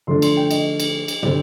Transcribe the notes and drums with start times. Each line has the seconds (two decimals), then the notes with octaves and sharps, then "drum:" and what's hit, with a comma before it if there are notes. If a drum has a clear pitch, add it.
0.07 D3 F3 A3 D4 C6
0.22 C6, drum: cymbal
0.37 G5
0.51 D#5, drum: cymbal
0.80 drum: cymbal
1.08 drum: cymbal
1.23 D3 G3 C4 D5, drum: tom